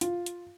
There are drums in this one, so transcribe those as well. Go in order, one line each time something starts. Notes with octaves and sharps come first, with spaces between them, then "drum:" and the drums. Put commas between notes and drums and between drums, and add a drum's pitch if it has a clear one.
F4, drum: hi-hat
drum: hi-hat